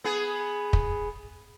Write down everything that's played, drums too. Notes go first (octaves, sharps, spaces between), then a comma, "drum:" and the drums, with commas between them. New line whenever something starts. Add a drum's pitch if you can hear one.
B3 G#4
drum: kick